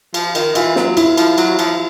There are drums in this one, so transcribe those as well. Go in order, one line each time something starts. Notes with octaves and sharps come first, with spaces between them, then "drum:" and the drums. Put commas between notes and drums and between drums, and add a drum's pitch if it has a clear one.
F3, drum: cymbal
D#3, drum: cymbal
E3 F4, drum: cymbal
F#3, drum: snare
E4, drum: cymbal
F3, drum: cymbal
F#3, drum: cymbal
F3, drum: cymbal